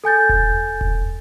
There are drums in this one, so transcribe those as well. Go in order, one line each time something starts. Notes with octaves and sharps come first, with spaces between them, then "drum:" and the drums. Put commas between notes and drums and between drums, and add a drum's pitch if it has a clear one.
A4 G#5 G6 A6
drum: kick E1
drum: kick E1